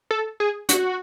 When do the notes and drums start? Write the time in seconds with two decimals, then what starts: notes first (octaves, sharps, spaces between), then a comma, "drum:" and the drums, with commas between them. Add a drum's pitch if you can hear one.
0.11 A4
0.40 G#4
0.69 F#4, drum: hi-hat